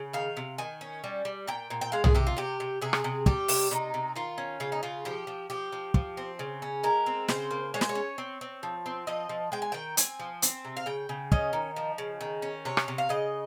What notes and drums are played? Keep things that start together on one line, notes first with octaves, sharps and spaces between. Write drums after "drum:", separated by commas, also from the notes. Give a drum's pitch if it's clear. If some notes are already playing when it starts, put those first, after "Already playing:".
Already playing: C#3
D#3 F5
C3
D#3 G#5
C#4
G3
G3
A#2 G5
A#2
G5
G#3 F5
G#4, drum: tom
C3 G4
F4
C3 G4
C3
C3 G#4
drum: rim click
C3
G3 G4, drum: kick
C3, drum: open hi-hat
C3 D#4
C3
D#3 F4
C#4
C#3 F4
D#4
C#3 F4
F3 G4
F3
F3 G4
F3
F3, drum: kick
C4
C#3
C#4
G#3 A#4
C4
C#3 C5, drum: snare
A#3
G#3 C#5
C5, drum: snare
C#5
C#4
C4
C4
F3
C4
F3 D#5
F3
G#3 G5
G#5
D#3 G5
C4 G#5, drum: hi-hat
F3
C4, drum: hi-hat
C3
F5
C#3 G5
C#3
C#4 D#5, drum: kick
D#3
F3
C#3
D#3
C#4
C3 C#5
drum: rim click
C3
F5
C#3 D#5